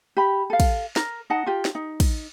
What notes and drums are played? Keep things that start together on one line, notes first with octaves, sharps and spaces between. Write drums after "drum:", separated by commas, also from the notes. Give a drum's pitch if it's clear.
G4 B5
A4 F5
drum: kick, cymbal
A#4, drum: snare
D#4 D#5 F#5 A5
F4 G4
drum: snare
D#4
drum: kick, cymbal